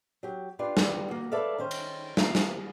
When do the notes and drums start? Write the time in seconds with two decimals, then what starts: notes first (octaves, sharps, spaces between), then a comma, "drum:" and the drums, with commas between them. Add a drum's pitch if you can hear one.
0.23 F#3 G4
0.59 D4 F4 G4 B4
0.77 drum: snare
1.08 A#3 F#4
1.31 A4 B4 C#5 D5 E5 F5
1.58 D#3 C#4 C5
1.71 drum: cymbal
2.17 F3 A3 A#3 F5 A#5, drum: snare
2.35 drum: snare